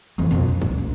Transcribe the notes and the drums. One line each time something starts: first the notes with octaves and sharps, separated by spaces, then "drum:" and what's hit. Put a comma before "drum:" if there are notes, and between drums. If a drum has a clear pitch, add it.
F2 E3
F2 B2
C#4
A#2, drum: kick
A#1